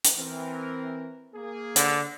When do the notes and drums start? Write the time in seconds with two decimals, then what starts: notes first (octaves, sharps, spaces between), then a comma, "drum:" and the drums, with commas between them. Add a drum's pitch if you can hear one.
0.04 drum: hi-hat
0.18 E3 C4 A#4
1.34 A#3 G#4
1.76 D3, drum: hi-hat